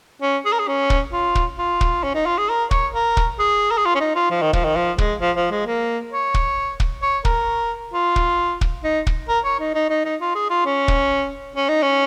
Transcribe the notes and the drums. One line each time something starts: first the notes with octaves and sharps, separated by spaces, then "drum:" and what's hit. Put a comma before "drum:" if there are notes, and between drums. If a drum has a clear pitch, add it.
C#4
G#4
A#4
G#4
C#4
drum: kick
F4
drum: kick
F4
drum: kick
C#4
D#4
F4
G#4
A#4
C#5, drum: kick
A#4
drum: kick
G#4
A#4
G#4
F4
C#4
D#4
F4
F3
D#3
F3, drum: kick
D#3
F3
G#3, drum: kick
F3
F3
G#3
A#3
C#5
drum: kick
drum: kick
C#5
A#4, drum: kick
F4
drum: kick
drum: kick
D#4
drum: kick
A#4
C#5
D#4
D#4
D#4
D#4
F4
G#4
F4
C#4
drum: kick
C#4
D#4
C#4